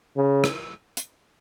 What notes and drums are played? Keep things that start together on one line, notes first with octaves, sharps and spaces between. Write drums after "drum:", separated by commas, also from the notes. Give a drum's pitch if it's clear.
C#3
drum: rim click
drum: hi-hat